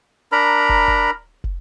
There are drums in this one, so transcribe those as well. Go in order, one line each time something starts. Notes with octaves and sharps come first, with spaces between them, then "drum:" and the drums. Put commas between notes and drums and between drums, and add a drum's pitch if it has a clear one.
D4 A#4 A#5 B5
drum: kick
drum: kick
drum: kick